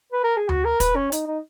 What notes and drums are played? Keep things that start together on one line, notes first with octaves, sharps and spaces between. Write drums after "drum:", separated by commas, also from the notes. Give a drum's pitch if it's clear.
B4
A#4
G#4
F#4, drum: tom D2
A#4
B4, drum: kick, hi-hat
C#4
D#4, drum: hi-hat
D#4